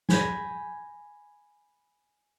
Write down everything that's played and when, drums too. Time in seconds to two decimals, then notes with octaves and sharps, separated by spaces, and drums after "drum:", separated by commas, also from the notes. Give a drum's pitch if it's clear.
0.09 G#5 B5 G6 A#6, drum: snare